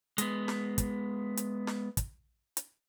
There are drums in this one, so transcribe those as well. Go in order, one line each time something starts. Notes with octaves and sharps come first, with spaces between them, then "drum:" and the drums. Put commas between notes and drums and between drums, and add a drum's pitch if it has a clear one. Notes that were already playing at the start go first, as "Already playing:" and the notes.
G#3 B3, drum: hi-hat
drum: snare
drum: kick, hi-hat
drum: hi-hat
drum: snare
drum: kick, hi-hat
drum: hi-hat